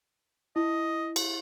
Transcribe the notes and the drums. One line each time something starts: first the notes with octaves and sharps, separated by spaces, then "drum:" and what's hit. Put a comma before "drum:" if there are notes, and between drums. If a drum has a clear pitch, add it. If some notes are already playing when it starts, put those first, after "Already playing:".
E4 D#5
drum: cymbal